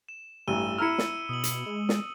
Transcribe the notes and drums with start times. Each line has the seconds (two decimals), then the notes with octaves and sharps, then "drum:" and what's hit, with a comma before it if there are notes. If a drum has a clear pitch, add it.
0.09 E7
0.48 A1 G2 E6 D#7 G7
0.78 E4 A#5 E6 F6 C#7
0.98 drum: snare
1.29 B2 D#6 F#7
1.44 drum: hi-hat
1.66 G#3
1.89 drum: snare